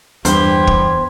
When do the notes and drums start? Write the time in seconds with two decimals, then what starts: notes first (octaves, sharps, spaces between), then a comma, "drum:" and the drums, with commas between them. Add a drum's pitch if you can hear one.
0.25 E2 G2 G4 C5 G#6, drum: hi-hat
0.67 drum: kick